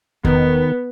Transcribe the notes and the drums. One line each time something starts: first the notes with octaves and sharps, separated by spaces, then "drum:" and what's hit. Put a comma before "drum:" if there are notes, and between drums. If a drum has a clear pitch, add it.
D#3 B3, drum: kick E2